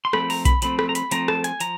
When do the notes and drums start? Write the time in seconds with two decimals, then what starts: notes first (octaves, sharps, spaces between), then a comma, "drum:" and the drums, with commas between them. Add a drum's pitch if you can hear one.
0.05 C6
0.13 F3 A3 C4 B5, drum: rim click
0.30 A#5, drum: open hi-hat
0.45 B5, drum: kick B1, hi-hat
0.62 F3 A3 C4 B5, drum: hi-hat
0.79 B5, drum: rim click
0.89 A#5
0.95 B5, drum: hi-hat
1.11 F3 A3 C4 A#5, drum: hi-hat
1.28 A5, drum: rim click
1.44 G#5, drum: hi-hat
1.60 F3 A#5, drum: hi-hat